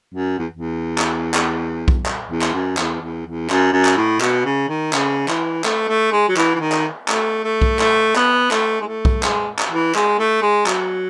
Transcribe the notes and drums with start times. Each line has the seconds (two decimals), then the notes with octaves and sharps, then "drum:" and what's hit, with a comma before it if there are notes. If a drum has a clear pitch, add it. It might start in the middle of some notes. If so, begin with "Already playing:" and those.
0.14 F#2
0.38 E2
0.55 E2
0.98 drum: clap
1.34 drum: clap
1.88 drum: kick B1
2.06 drum: clap
2.30 E2
2.42 drum: clap
2.54 F#2
2.77 E2, drum: clap
3.01 E2
3.26 E2
3.50 F#2, drum: clap
3.73 F#2
3.85 drum: clap
3.97 A2
4.21 B2, drum: clap
4.45 C#3
4.69 D#3
4.93 C#3, drum: clap
5.28 E3, drum: clap
5.64 A3, drum: clap
5.88 A3
6.12 G#3
6.28 F#3
6.37 E3, drum: clap
6.55 E3
6.60 D#3
6.72 drum: clap
7.08 A3, drum: clap
7.44 A3
7.62 drum: kick B1
7.79 A3, drum: clap
8.16 B3, drum: clap
8.51 A3, drum: clap
8.81 G#3
8.87 A3
9.05 drum: kick B1
9.23 G#3, drum: clap
9.59 drum: clap
9.71 E3
9.95 G#3, drum: clap
10.19 A3
10.42 G#3
10.66 F#3, drum: clap